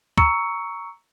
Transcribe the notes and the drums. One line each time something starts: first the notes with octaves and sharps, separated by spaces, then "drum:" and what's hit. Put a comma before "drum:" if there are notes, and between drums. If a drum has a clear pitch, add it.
A#5 C#6 E6 C#7, drum: kick